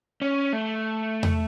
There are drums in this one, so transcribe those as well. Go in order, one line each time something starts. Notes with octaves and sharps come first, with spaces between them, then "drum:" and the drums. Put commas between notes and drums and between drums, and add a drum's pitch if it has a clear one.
C#4
A3
drum: tom E2